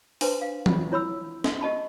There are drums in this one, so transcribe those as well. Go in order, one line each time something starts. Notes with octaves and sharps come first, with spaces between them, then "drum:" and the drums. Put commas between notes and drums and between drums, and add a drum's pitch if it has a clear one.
D4 B4 C5, drum: open hi-hat
F5
F4 E5, drum: tom E3
E4 C#5 B5 E6
drum: snare
G4 D#5 A5 B5